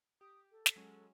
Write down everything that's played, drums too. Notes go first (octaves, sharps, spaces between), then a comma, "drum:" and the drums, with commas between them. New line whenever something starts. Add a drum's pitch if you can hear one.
G4 D#6
A4
drum: snare
F#3 G#3 C#4